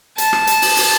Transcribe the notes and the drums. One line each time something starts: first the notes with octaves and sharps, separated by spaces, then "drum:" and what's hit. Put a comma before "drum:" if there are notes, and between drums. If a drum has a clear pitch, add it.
A5, drum: hi-hat
drum: rim click
drum: hi-hat
drum: open hi-hat
drum: open hi-hat